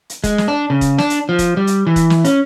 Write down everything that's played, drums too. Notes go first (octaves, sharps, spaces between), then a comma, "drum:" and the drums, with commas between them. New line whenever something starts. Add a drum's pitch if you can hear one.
drum: hi-hat
G#3, drum: kick E1, hi-hat
drum: snare
D4
C#3
drum: kick E1, hi-hat
D4, drum: snare
drum: hi-hat
F3
drum: kick E1, hi-hat
G3
drum: hi-hat
E3
drum: kick E1, hi-hat
drum: snare
C#4, drum: hi-hat